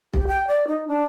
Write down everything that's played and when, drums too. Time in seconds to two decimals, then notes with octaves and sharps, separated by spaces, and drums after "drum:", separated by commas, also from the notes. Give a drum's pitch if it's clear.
0.14 G4, drum: kick B1
0.27 G5
0.47 D5
0.68 D#4
0.88 D4